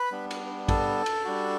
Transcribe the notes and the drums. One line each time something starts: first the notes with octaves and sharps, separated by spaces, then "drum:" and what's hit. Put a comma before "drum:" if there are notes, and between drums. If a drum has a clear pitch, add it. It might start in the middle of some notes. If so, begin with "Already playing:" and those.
Already playing: B4 B5
G3 B3 D4
drum: cymbal
A4 A5, drum: kick, cymbal
drum: cymbal
G3 D4 F#4